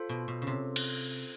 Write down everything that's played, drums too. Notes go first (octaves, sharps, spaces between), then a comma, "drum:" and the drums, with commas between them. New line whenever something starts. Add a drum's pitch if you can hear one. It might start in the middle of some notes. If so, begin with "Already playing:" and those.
Already playing: F4 A4 C5
B2
B2
C#3
C3
drum: cymbal